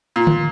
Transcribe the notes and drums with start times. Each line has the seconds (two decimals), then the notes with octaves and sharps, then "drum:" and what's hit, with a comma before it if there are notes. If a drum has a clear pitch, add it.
0.16 A#2
0.27 drum: tom